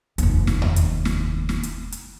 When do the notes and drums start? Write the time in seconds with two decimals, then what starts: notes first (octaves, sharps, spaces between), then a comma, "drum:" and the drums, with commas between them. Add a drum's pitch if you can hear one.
0.18 F1 D#2, drum: hi-hat
0.47 drum: snare
0.62 drum: tom E2
0.76 drum: hi-hat
1.05 drum: snare
1.49 drum: snare
1.63 drum: hi-hat
1.92 drum: hi-hat